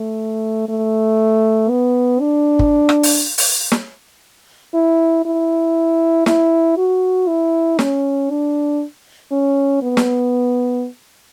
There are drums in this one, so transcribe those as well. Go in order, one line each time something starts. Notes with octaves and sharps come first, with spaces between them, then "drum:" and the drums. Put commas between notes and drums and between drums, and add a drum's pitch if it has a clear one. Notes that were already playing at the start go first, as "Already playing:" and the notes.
Already playing: A3
A3
B3
D4
drum: kick
drum: rim click
drum: open hi-hat
drum: open hi-hat
drum: snare
E4
E4
E4, drum: snare
F#4
E4
C#4, drum: snare
D4
C#4
B3
drum: snare